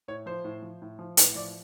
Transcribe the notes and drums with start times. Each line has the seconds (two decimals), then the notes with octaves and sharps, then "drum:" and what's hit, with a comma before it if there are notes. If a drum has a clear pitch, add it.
0.08 A2 C#5
0.26 F3 C5
0.44 A2
0.62 F3
0.82 A2
0.99 F3
1.17 A2 B4, drum: hi-hat
1.35 F3 D5